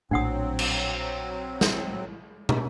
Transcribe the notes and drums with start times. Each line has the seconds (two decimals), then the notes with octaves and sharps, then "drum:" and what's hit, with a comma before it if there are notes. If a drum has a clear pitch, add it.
0.11 A#1 A2 F#3 C4 D4 F#5 D#6
0.59 drum: cymbal
1.61 drum: snare
2.49 drum: tom